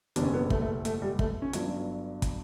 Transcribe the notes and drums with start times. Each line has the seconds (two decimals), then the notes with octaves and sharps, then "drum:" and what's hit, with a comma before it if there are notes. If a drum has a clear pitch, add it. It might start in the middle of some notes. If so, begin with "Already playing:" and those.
0.16 F#1 E2 B2 G3 D4, drum: hi-hat
0.24 C#4
0.34 B3
0.50 A3, drum: kick
0.62 A3
0.85 A3, drum: hi-hat
1.02 G3
1.19 A3, drum: kick
1.42 C#4
1.53 G1 G2 F#3, drum: hi-hat
2.22 drum: kick, hi-hat